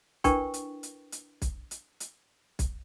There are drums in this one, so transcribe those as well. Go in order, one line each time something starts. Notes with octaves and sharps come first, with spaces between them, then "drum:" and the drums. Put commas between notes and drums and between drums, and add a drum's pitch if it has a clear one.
D4 E4 A#4 B4 G5 C#6, drum: kick, hi-hat
drum: hi-hat
drum: hi-hat
drum: hi-hat
drum: kick, hi-hat
drum: hi-hat
drum: hi-hat
drum: kick, hi-hat